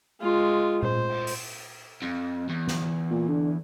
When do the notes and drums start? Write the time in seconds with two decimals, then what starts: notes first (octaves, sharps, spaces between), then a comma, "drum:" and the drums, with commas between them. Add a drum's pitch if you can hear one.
0.21 G#3 F4
0.82 C5, drum: tom A#2
1.09 drum: cymbal
1.27 drum: open hi-hat
2.02 F2
2.49 E2
2.68 drum: snare
3.10 A#2
3.28 D3